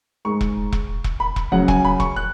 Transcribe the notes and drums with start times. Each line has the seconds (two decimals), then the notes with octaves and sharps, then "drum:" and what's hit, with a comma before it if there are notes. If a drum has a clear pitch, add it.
0.25 G#2 G#3 C#6
0.41 drum: kick E1
0.72 drum: kick E1
1.04 drum: kick E1
1.20 B5
1.36 drum: kick E1
1.52 F#2 C#3 F#3 F#5
1.68 G#5, drum: kick E1
1.85 B5
2.00 C#6, drum: kick E1
2.16 F#6